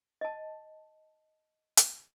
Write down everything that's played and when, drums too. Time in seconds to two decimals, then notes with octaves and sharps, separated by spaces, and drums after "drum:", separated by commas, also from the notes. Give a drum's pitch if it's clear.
0.21 D#5 A5
1.77 drum: hi-hat